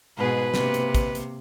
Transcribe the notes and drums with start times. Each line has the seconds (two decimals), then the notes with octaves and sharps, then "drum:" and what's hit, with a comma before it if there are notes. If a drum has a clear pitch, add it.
0.18 G#2 B2 G#4 B4
0.54 C3 A#3, drum: snare
0.74 drum: hi-hat
0.95 drum: kick, hi-hat
1.15 drum: hi-hat